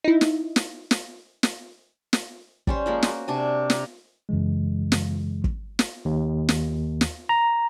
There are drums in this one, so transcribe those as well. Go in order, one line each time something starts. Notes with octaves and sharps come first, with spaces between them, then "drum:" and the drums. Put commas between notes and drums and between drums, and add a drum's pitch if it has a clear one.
D#4 E4
drum: snare
drum: snare
drum: snare
drum: snare
drum: snare
G3 C#4 C5, drum: kick
F3 G#3 A#3
F#4, drum: snare
C3 D4 G#5
A#5, drum: snare
F#2 C#3 E3 G#3
drum: snare
drum: kick
drum: snare
D#2
drum: snare
drum: snare
A#5